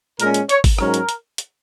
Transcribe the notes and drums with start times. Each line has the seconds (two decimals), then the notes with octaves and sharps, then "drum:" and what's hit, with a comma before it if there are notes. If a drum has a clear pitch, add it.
0.20 A#2 G#3 C#4 A#4, drum: hi-hat
0.34 drum: hi-hat
0.49 C#5, drum: hi-hat
0.64 drum: kick G#1, open hi-hat
0.78 G#2 F#3 C#4 A#4, drum: rim click
0.94 drum: hi-hat
1.09 drum: hi-hat
1.38 drum: hi-hat